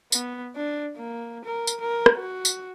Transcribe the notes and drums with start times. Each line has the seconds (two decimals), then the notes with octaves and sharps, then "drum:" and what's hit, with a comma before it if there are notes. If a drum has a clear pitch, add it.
0.12 B3, drum: tambourine
0.56 D4
0.97 A#3
1.45 A#4
1.67 drum: tambourine
1.81 A#4
2.06 drum: rim click
2.16 F#4
2.45 drum: tambourine